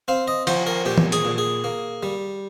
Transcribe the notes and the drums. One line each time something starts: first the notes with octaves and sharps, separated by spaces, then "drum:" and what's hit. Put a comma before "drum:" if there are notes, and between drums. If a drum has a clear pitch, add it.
C4 F5
D#5
F3 C5, drum: cymbal
A#4
A#2 G4
drum: tom
G#4, drum: hi-hat
A#2
G#4
A#3
G3